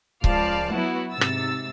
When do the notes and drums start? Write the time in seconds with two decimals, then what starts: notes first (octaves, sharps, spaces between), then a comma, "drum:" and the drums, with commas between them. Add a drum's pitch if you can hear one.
0.24 C#2 F3 D5 F5 A5, drum: kick C#1
0.74 F#3 B3 E4 F#4
1.12 G#2 C3 E6 A6
1.21 drum: rim click